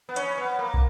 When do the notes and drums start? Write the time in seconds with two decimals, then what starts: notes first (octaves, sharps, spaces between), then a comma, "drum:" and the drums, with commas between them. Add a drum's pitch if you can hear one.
0.09 B3
0.16 C#4, drum: hi-hat
0.38 B3
0.59 A#3
0.74 drum: kick